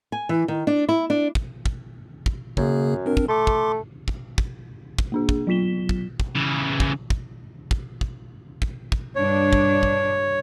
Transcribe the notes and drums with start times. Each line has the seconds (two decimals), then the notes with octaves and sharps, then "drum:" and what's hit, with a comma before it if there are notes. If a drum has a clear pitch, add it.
0.12 G#5
0.29 E3
0.48 D#3
0.67 D4
0.89 E4
1.10 D4
1.35 drum: kick
1.66 drum: kick
2.26 drum: kick
2.57 F#2 C#3 A#3 G#4, drum: kick
3.06 C4 D4 A#4
3.17 drum: kick
3.28 A3 C6 D6
3.47 drum: kick
4.08 drum: kick
4.38 drum: kick
4.98 drum: kick
5.12 A#3 D4 G#4
5.29 drum: kick
5.47 F#3 B3 F4 B6 E7 G7
5.89 drum: kick
6.20 drum: kick
6.35 C#3 E3
6.80 drum: kick
7.10 drum: kick
7.71 drum: kick
8.01 drum: kick
8.62 drum: kick
8.92 drum: kick
9.15 G2 D4 C#5
9.53 drum: kick
9.83 drum: kick